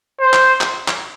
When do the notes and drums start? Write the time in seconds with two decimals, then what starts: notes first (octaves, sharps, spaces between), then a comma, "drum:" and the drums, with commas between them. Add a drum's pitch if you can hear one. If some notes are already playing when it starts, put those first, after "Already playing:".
0.20 C5
0.33 drum: clap
0.61 drum: clap
0.88 drum: clap